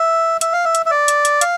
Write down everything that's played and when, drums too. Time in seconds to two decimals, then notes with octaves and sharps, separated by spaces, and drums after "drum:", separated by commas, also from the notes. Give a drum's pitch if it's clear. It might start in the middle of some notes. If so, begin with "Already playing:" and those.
Already playing: E5
0.41 E5, drum: hi-hat
0.53 F5
0.65 E5
0.75 drum: hi-hat
0.86 E5
0.91 D5
1.08 drum: hi-hat
1.25 drum: hi-hat
1.41 F5, drum: hi-hat